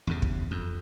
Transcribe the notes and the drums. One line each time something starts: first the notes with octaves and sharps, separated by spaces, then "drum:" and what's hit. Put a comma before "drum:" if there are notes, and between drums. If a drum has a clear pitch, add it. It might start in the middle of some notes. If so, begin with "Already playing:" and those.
E2 G2 C#3
drum: kick
F2